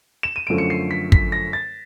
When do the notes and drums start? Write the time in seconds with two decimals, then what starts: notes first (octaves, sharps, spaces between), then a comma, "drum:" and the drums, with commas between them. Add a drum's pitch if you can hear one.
0.23 E7
0.36 D#7
0.47 F#2 D3 F3 A3 D7
0.58 C#7
0.70 C7
0.91 B6
1.12 B6, drum: kick
1.32 A#6
1.53 A6